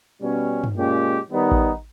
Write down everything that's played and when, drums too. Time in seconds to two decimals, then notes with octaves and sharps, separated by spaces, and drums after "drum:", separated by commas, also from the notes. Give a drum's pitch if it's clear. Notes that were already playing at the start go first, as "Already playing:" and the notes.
0.21 B2 G3 C#4
0.64 drum: tom
0.75 A#2 G#3 C#4 G4
1.29 D#3 G3 B3 D#4
1.51 drum: kick A1